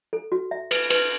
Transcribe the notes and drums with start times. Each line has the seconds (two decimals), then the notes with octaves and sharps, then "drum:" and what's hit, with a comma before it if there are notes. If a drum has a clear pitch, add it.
0.13 A4
0.32 F#4
0.51 E5
0.71 B4, drum: cymbal
0.90 B4, drum: cymbal